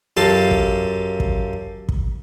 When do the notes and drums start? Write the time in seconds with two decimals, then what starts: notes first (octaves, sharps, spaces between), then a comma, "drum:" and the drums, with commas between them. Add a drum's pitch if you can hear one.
0.17 F#2 F4 G4 A4 F5 A5
0.51 drum: kick
1.20 drum: kick
1.89 drum: kick